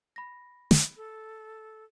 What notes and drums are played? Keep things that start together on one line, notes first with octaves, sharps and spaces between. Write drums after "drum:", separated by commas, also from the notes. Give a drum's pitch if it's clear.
B5 A#6
drum: snare
A4